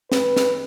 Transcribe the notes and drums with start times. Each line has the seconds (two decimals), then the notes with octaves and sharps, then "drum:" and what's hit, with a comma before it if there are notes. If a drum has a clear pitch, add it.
0.12 B4, drum: snare
0.37 drum: snare